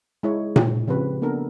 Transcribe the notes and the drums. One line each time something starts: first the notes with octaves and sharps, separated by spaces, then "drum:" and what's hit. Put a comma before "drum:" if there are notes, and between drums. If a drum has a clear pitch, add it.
G#3 E4 C#5
drum: tom A#2
C#3 F3 C4 G4 B4
A#3 B3 D4 A4 A#4